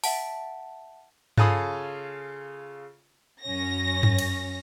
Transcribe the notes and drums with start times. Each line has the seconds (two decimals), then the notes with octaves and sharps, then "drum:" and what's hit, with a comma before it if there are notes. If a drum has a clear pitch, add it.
0.04 E5 F#5 A5, drum: open hi-hat
1.37 C#3 F4 A4 G#5 B5 D#6, drum: tom G2
3.43 F#2 C#4 A#6
4.03 drum: tom G2
4.19 drum: cymbal